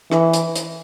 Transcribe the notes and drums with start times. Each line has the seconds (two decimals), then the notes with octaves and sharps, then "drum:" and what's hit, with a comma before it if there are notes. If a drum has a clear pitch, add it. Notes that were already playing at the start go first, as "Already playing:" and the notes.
0.12 E3, drum: rim click
0.33 drum: hi-hat
0.56 drum: hi-hat